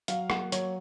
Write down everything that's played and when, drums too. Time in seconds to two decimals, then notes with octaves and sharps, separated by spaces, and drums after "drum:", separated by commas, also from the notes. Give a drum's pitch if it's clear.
0.08 F#3 F5, drum: hi-hat
0.30 A#3 F#5, drum: rim click
0.52 F#3 C#5, drum: hi-hat